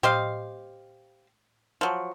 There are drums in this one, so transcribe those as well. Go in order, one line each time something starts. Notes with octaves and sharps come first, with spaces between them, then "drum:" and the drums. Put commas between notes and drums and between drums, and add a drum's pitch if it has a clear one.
G4 C5 D#5 F5, drum: tom A2
F3 F#3